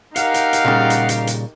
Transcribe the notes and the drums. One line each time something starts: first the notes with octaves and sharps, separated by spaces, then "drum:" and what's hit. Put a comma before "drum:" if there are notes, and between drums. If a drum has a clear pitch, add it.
D#4 G4 A#4 F5 F#5, drum: hi-hat
drum: hi-hat
drum: hi-hat
A#2 C#3 G3
drum: hi-hat
drum: hi-hat
drum: hi-hat